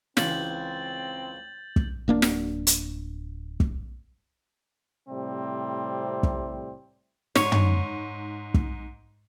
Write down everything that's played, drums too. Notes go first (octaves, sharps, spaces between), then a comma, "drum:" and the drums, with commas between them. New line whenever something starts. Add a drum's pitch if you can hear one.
C#2 C#3 E3 C4 G6 A6 F#7, drum: snare
drum: kick
D1 A#3 D4
drum: snare
drum: hi-hat
drum: kick
A2 C3 G3 C4
drum: kick
G#2 C#5, drum: snare
drum: tom
drum: kick